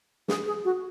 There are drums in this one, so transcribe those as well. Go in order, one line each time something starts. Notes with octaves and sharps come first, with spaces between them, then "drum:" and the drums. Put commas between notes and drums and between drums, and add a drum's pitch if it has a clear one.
G#4, drum: snare
G#4
F#4